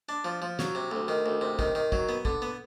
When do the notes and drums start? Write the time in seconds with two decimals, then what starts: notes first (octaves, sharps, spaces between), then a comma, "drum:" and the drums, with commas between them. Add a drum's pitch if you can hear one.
0.09 D4
0.25 F3
0.42 F3
0.59 F#3, drum: snare
0.75 C3
0.91 D2
1.08 D#3
1.26 D2
1.41 C3
1.59 D#3, drum: kick
1.75 D#3
1.92 F#3, drum: kick
2.09 B3
2.25 D3, drum: kick
2.42 B3